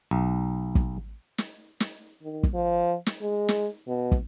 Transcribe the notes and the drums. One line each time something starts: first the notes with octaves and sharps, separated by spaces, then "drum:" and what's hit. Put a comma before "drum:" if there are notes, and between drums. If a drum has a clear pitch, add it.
B1
drum: kick
drum: snare
drum: snare
D#3
drum: kick
F3
drum: snare
G#3
drum: snare
B2
drum: kick